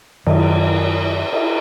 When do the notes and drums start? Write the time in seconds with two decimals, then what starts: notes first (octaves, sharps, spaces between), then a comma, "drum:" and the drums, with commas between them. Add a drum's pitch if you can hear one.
0.26 F#2 D#3, drum: cymbal
1.33 drum: cymbal